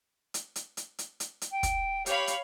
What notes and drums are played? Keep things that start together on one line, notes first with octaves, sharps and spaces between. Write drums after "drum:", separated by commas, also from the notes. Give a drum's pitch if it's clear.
drum: hi-hat
drum: hi-hat
drum: hi-hat
drum: hi-hat
drum: hi-hat
drum: hi-hat
G5
drum: kick, hi-hat
G4 C#5 F5 B5, drum: hi-hat
drum: hi-hat